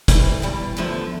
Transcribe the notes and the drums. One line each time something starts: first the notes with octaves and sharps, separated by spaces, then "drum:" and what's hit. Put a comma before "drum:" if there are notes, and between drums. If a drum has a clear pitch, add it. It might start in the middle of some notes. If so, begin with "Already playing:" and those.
D2 C3 E3 G3, drum: kick, hi-hat
E2 B2 G3
E2 D3 F3 A3